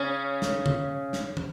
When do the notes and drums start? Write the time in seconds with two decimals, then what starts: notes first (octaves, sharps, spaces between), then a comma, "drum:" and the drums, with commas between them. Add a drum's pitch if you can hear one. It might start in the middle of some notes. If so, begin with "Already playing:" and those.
Already playing: C#3 C#4
0.42 drum: snare
0.66 drum: tom C#3
1.13 drum: snare
1.37 drum: tom